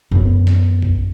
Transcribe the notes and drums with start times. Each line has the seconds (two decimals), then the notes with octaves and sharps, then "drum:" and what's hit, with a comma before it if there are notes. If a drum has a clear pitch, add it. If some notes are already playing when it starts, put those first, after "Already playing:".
0.11 F#2 B3
0.47 drum: snare
0.82 drum: kick A1